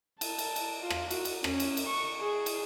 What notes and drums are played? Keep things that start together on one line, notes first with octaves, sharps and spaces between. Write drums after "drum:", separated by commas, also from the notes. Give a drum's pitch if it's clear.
A5, drum: cymbal
drum: cymbal
drum: cymbal
F4
drum: rim click
F#4, drum: cymbal
drum: cymbal
C#4, drum: rim click
drum: cymbal
drum: cymbal
C#6
G#4
drum: cymbal